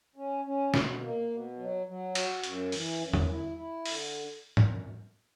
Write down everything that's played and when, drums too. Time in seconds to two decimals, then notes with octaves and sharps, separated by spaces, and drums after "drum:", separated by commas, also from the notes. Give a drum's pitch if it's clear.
0.16 C#4
0.45 C#4
0.74 B2, drum: snare
1.02 A#3
1.30 B2
1.58 F#3
1.86 F#3
2.15 F#4, drum: cymbal
2.44 F#2, drum: hi-hat
2.72 E3, drum: open hi-hat
3.00 F#2
3.14 drum: tom E2
3.29 E4
3.57 E4
3.86 D3, drum: open hi-hat
4.57 drum: tom